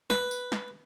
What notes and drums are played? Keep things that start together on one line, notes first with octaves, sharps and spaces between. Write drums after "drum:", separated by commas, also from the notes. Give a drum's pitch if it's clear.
B4, drum: snare
drum: tambourine
drum: snare